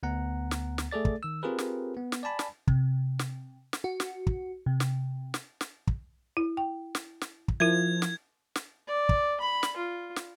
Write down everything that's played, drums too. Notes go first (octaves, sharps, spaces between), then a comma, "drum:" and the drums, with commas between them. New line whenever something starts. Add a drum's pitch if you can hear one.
D2 B3 F#5 A#5
drum: snare
drum: snare
A3 G#4 A4 D5 A6
drum: kick
D#3 E6
C4 F4 G4 G#4 A#4 B4
drum: snare
B3
drum: snare
D5 G#5 A5 B5
drum: snare
C3, drum: kick
drum: snare
drum: snare
F#4
drum: snare
drum: kick
C3
drum: snare
drum: snare
drum: snare
drum: kick
E4
G5
drum: snare
drum: snare
drum: kick
F3 E4 A#4 E5 G#6
drum: snare
drum: snare
D5
drum: kick
B5
drum: snare
F4
drum: snare